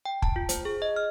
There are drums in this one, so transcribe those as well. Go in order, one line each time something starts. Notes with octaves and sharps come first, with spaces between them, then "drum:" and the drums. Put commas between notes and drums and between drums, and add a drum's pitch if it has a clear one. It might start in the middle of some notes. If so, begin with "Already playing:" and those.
G5
A5, drum: kick
F4
C5, drum: hi-hat
G#4
D#5
F6